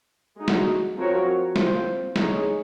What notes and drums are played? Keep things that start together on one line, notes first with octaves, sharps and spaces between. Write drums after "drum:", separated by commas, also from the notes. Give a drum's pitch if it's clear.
G#3 D#4 F#4
drum: snare
F3 C4 F#4 A#4 C#5
C4 F4 C5, drum: snare
G#3 D#4 G#4 C#5, drum: snare